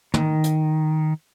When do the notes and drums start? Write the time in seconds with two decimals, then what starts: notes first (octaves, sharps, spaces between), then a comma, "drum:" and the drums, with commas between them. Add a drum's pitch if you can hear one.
0.14 D#3, drum: tom
0.44 drum: hi-hat